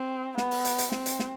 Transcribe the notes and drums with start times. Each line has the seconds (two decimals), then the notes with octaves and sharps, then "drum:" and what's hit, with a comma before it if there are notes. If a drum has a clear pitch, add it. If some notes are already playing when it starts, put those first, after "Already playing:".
Already playing: C4
0.38 B3, drum: snare
0.51 drum: open hi-hat
0.65 drum: hi-hat
0.78 drum: hi-hat
0.92 C4, drum: snare
1.06 drum: hi-hat
1.19 drum: snare